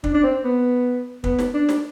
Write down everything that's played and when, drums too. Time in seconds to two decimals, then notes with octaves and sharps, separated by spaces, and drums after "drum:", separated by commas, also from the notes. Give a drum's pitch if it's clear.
0.04 D4, drum: kick
0.14 D4
0.23 C4
0.44 B3
1.24 B3, drum: kick
1.39 drum: snare
1.54 D4
1.69 drum: snare